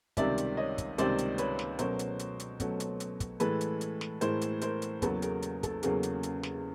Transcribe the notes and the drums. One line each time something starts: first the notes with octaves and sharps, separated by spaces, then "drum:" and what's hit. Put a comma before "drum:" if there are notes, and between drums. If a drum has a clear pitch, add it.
C#2 C3 D#3 G3 C4 D5 E5, drum: kick, hi-hat
drum: hi-hat
C#5 D#5
drum: kick, hi-hat
C#2 C3 D#3 G3 C4 C5 D5, drum: hi-hat
drum: hi-hat
B4 C#5, drum: hi-hat
drum: snare
B2 F#3 A3 C#4 A#4 C5, drum: hi-hat
drum: hi-hat
drum: hi-hat
drum: hi-hat
B2 F#3 A3 C#4, drum: kick, hi-hat
drum: hi-hat
drum: hi-hat
drum: kick, hi-hat
A2 E3 G#3 A4 B4, drum: hi-hat
drum: hi-hat
drum: hi-hat
drum: snare
A2 E3 G#3 A#4 C5, drum: hi-hat
drum: hi-hat
A#4 C5, drum: hi-hat
drum: hi-hat
E2 C#3 F#3 A#3 A4 B4, drum: kick, hi-hat
G#4 A#4, drum: hi-hat
drum: hi-hat
A4, drum: kick, hi-hat
E2 C#3 F#3 A#3 G#4, drum: hi-hat
drum: hi-hat
drum: hi-hat
drum: snare